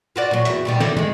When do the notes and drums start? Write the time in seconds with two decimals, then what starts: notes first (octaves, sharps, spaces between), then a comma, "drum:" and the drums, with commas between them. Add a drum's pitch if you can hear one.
0.16 F4 F#4 D5
0.31 A#2 F#3
0.45 E2 F#4 E5, drum: hi-hat
0.65 A#2 D#3 G3
0.80 D3 E3, drum: snare
0.97 D#3 G#3, drum: tom